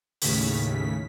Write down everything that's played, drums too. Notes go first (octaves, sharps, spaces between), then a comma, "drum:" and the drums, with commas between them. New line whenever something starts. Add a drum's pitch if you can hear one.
D#2 A2 C#3 B6, drum: open hi-hat